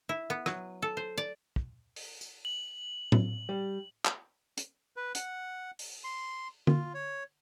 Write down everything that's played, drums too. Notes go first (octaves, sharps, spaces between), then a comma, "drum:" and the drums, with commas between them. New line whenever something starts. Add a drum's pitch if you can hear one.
E4
B3
F#3, drum: rim click
A4
C5
D5
drum: kick
drum: open hi-hat
drum: tambourine
F#7
drum: tom A2
G3
drum: clap
drum: hi-hat
B4
F#5, drum: hi-hat
drum: open hi-hat
C6
F4, drum: tom D3
C#5